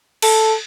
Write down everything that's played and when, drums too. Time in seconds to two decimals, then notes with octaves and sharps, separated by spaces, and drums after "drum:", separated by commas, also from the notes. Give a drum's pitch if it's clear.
0.22 A4, drum: cymbal